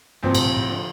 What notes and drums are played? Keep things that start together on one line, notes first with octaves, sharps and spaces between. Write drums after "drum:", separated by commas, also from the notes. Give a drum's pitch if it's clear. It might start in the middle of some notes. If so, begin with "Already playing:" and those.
D2 G2 C3 F3 C4
A2, drum: cymbal
A#2
A2
D3 F3